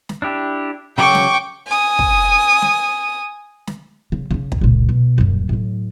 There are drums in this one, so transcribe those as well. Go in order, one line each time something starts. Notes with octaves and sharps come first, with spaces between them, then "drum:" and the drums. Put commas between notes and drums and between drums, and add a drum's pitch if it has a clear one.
drum: snare
D4 E4 G4
C#3 F#3 F#4 G5 C#6 D6
drum: snare
G#5 D#6
drum: kick
drum: snare
drum: snare
C#3
C#3 C#4
drum: kick
C#2 A#2
B2
D#1 F#2
A2 F#3